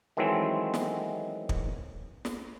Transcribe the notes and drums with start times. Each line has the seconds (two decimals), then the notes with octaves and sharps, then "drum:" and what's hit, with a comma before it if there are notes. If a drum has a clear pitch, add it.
0.17 D#3 E3 F#3 G#3 A3 C4
0.74 drum: snare
1.49 drum: kick
2.25 drum: snare